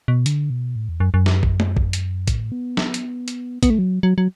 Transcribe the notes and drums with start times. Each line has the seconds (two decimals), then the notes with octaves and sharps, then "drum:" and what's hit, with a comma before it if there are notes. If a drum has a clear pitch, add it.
0.08 B2
0.26 D3, drum: hi-hat
0.50 B2
0.76 A2
0.89 E2
1.00 F#2
1.14 F#2
1.26 drum: snare
1.43 drum: kick A1
1.60 drum: tom G#3
1.77 drum: kick A1
1.93 drum: hi-hat
2.28 A2, drum: kick A1, hi-hat
2.52 B3
2.77 drum: snare
2.94 drum: hi-hat
3.28 drum: hi-hat
3.63 B3, drum: kick A1, hi-hat
3.70 A3
3.79 F#3
4.03 F#3
4.18 F#3